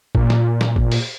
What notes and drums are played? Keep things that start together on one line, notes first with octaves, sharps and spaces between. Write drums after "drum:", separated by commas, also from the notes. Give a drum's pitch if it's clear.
A#2, drum: kick G#1
drum: snare
drum: snare
drum: kick G#1
drum: open hi-hat